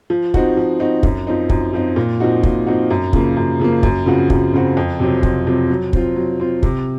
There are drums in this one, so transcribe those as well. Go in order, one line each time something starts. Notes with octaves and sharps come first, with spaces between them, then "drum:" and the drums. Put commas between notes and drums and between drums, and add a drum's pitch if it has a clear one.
F3
C4 D#4 F#4, drum: kick
F3
C4 D#4 F#4
F#2, drum: kick
F3 C4 D#4
F#2, drum: kick
F3 C4 D#4
A#2
F3 C4 D#4 F#4
A#2, drum: kick
F3 C4 D#4 F#4
F#2
C#3 F3 A#3, drum: kick
F#2
C#3 F3 A#3
F#2, drum: kick
C#3 F3 C4 F#4
F#2, drum: kick
C#3 F3 C4 F#4
F2
C3 F#3 C4 F4
F2, drum: kick
C3 F#3 C4 F4
F#3
C4 F4, drum: kick
F#3
C4 F4
C3, drum: kick